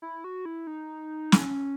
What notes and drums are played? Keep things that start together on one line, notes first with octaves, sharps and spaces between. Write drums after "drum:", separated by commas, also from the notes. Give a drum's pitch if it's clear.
E4
F#4
E4
D#4
C#4, drum: snare